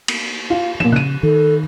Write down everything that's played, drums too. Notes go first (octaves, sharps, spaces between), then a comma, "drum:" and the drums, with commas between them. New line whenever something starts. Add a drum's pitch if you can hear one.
drum: cymbal
F4
A#2 E7, drum: tom
C#3 F#6 D#7
D#3 A4